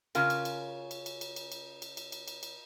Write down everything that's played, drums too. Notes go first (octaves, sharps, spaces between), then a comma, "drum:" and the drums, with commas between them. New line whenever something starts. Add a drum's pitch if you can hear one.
C#3 C#4 F4 A#4, drum: cymbal
drum: cymbal
drum: cymbal
drum: cymbal
drum: cymbal
drum: cymbal
drum: cymbal
drum: cymbal
drum: cymbal
drum: cymbal
drum: cymbal
drum: cymbal
drum: cymbal